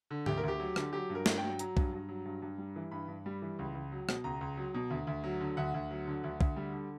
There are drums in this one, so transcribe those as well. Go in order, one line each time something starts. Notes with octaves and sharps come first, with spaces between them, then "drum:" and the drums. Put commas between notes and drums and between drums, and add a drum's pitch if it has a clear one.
D3
D2 G4, drum: tom G#2
A#4
D2 G4
F#3
D3, drum: rim click
F#3 G4
G2
A#4
G2, drum: snare
F#3 G5
F#3 A#5, drum: hi-hat
G2, drum: kick
G2
F#3
G2
G2
G3
E3
G2 B5
G2
G3
E3
C#2
C#2
F#3
B2, drum: rim click
C#2 A#5
C#2
F#3
B2
D2
D2
F#3
D3
D2 F#5
D2
F#3
D3
D2
D2, drum: kick
G3
D3